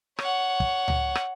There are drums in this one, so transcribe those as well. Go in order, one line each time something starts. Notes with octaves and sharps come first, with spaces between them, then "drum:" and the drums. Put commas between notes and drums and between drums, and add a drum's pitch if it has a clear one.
C#5 F#5, drum: rim click
drum: kick
drum: tom C#2
drum: rim click